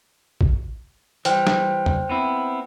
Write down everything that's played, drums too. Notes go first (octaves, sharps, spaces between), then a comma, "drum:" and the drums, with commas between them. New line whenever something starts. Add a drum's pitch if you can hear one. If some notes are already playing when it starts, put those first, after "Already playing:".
drum: kick A1
E3 G3 C5 G5 F6, drum: hi-hat
drum: snare
drum: tom
B3 C4 E4